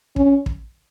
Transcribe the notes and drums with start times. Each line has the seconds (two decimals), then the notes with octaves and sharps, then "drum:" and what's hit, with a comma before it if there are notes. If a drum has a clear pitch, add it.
0.16 C#4, drum: kick
0.46 drum: kick